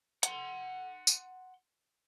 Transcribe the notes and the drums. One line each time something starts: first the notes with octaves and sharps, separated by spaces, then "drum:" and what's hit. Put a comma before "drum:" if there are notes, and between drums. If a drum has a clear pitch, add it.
F#5 C6, drum: hi-hat
drum: tambourine